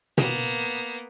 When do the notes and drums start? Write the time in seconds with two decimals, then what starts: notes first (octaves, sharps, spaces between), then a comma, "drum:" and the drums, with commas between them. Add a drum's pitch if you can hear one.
0.18 A#3 B3, drum: tom